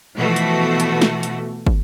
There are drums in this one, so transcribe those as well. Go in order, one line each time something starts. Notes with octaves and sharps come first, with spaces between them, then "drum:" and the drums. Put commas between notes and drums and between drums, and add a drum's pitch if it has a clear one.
B2 E3 F3 A3 F#4
drum: hi-hat
drum: hi-hat
drum: snare
drum: hi-hat
drum: kick